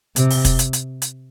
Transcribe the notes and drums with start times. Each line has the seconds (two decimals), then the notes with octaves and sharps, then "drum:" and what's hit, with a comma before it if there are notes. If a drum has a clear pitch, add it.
0.16 C3, drum: hi-hat
0.30 drum: open hi-hat
0.45 drum: kick, hi-hat
0.59 drum: hi-hat
0.73 drum: hi-hat
1.02 drum: hi-hat